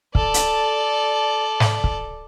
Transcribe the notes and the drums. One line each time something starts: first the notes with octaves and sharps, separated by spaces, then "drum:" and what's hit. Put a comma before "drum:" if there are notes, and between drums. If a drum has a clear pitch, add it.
A4 D5, drum: kick
drum: hi-hat
drum: snare
drum: kick